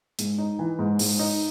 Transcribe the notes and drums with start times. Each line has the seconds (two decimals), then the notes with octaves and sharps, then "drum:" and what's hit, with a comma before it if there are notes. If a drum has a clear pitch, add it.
0.19 G#2, drum: hi-hat
0.38 D#4
0.59 E3
0.79 G#2
0.99 G#2, drum: open hi-hat
1.19 D#4